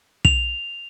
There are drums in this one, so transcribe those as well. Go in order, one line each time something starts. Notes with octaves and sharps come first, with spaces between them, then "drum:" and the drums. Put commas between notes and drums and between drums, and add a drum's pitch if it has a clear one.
F7, drum: kick